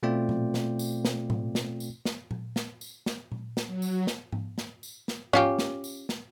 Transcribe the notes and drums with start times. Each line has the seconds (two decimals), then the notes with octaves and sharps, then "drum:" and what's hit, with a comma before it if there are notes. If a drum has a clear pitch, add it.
0.03 B2 A3 C4 F4 D5 G5
0.29 drum: tom A#2
0.54 drum: snare
0.79 drum: tambourine
1.05 drum: snare
1.30 drum: tom A2
1.55 drum: snare
1.80 drum: tambourine
2.05 drum: snare
2.31 drum: tom A#2
2.56 drum: snare
2.81 drum: tambourine
3.06 drum: snare
3.32 drum: tom A#2
3.57 drum: snare
3.66 F#3
3.82 drum: tambourine
4.07 drum: snare
4.32 drum: tom G#2
4.58 drum: snare
4.83 drum: tambourine
5.08 drum: snare
5.33 C#4 F4 G4, drum: tom G#2
5.59 drum: snare
5.84 drum: tambourine
6.09 drum: snare